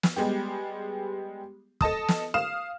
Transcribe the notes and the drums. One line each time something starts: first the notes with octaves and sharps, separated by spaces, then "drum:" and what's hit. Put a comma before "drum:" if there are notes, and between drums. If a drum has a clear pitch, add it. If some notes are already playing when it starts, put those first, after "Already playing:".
drum: snare
G3 G#3 B3 G4
A4 D#5 A5 D#6, drum: kick
drum: snare
F5 D#6 F6 E7